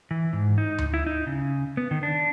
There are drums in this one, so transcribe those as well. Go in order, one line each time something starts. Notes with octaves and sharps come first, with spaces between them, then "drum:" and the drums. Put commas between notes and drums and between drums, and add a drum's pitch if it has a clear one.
E3
G#2
D#4
drum: tom D2
E4
D#4
C#3
B3
D#3
D4